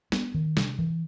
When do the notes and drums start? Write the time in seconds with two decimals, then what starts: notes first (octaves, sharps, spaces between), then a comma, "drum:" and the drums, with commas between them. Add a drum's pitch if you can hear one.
0.12 B3, drum: snare
0.34 D#3
0.57 C3, drum: snare
0.79 E3